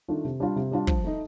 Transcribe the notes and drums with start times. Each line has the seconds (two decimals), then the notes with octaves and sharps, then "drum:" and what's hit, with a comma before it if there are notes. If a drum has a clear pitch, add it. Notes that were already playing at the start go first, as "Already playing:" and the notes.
0.08 D#3 A3 D4 F4
0.25 C3
0.40 G3 D4 F4
0.56 C3
0.71 G3 D4 F4
0.87 F3, drum: kick
1.04 A3 D#4